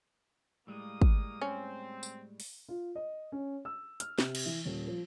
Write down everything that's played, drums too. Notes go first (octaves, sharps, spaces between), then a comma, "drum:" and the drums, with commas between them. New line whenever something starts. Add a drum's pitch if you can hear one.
A2 G3 G#3 A#3 D#6
drum: kick
C4 C#4
drum: tambourine
drum: open hi-hat
F4
D#5
C#4
E6
F6, drum: hi-hat
C3, drum: snare
drum: cymbal
E3
D#1
F3